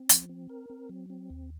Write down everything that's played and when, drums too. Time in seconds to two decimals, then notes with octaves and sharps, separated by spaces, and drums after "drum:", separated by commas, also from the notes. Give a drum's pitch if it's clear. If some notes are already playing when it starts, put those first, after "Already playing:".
Already playing: C4
0.09 F3, drum: hi-hat
0.29 C4
0.49 A#4
0.70 C4
0.89 F#3
1.10 C4
1.30 D#2